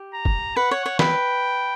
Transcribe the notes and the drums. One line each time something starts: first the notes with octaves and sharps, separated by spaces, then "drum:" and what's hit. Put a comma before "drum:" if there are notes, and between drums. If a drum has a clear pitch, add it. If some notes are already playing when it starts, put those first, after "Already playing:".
Already playing: G4
A#5
drum: kick
B4 F#5
C#5
C#5
B4 G5, drum: snare